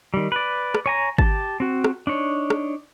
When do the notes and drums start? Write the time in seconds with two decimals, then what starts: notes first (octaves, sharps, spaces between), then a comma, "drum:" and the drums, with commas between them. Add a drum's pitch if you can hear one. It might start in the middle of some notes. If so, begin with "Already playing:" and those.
0.14 D#3 G3
0.32 B4 D5
0.74 drum: rim click
0.86 C#5 G#5 A#5
1.18 G4 A5, drum: kick G#1
1.60 C4 F#4
1.84 drum: rim click
2.07 D4 D#4 C#5
2.50 drum: rim click